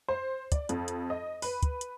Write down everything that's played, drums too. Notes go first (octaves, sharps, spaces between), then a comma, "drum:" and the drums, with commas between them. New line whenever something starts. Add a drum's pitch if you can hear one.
C5
D5, drum: kick, hi-hat
F2, drum: hi-hat
drum: hi-hat
D#5
B4, drum: open hi-hat
drum: kick, hi-hat
drum: hi-hat